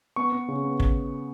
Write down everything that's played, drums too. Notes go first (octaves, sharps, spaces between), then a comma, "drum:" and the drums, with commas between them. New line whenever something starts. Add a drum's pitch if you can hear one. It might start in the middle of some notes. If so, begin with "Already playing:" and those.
B3 C#6
B3
C#3
B3
drum: kick